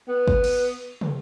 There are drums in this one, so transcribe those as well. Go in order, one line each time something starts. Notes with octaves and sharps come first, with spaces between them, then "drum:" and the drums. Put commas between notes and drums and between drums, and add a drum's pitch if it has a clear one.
B3
drum: kick G1
drum: cymbal
drum: tom